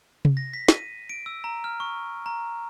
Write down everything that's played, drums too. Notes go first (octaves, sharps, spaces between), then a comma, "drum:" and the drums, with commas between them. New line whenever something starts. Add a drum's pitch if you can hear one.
drum: tom C3
A#6
B6
D#7, drum: snare
D7
E6
A#5
F6
C#6
A#5